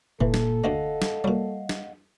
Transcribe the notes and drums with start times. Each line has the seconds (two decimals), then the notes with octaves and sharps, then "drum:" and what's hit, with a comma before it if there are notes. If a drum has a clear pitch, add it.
0.21 F1 A#2 E3 A4
0.34 drum: snare
0.64 D2 D3 A3 D#5 F5 F#5
1.02 drum: snare
1.24 A#2 F#3 G3
1.69 drum: snare